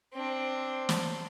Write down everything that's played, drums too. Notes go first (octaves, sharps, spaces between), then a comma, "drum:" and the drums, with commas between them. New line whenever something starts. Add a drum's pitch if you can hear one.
C4 D4
drum: snare